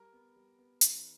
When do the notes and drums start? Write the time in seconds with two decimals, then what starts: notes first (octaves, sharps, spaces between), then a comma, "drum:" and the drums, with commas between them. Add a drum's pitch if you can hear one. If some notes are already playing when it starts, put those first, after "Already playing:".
Already playing: G3 A#4
0.13 B3
0.36 G3
0.59 B3
0.81 D#3, drum: hi-hat